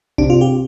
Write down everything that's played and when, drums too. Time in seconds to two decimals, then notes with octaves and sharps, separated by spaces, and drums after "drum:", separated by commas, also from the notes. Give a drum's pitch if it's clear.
0.18 C3 D4, drum: kick B1
0.30 F4
0.41 G4